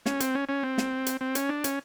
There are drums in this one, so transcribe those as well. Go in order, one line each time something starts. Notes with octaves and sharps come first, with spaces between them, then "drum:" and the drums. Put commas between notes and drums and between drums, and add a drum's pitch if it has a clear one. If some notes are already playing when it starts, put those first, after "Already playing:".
C#4, drum: snare
C4, drum: hi-hat
C#4
C#4
C4
drum: snare
drum: hi-hat
C4
C#4, drum: hi-hat
D4
C#4, drum: hi-hat